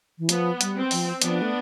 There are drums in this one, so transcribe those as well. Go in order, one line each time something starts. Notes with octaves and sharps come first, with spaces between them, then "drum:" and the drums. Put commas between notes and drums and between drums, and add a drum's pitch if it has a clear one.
E3
F3 B3, drum: hi-hat
G3, drum: hi-hat
C4
F3, drum: open hi-hat
F3 B3 D4, drum: hi-hat
A3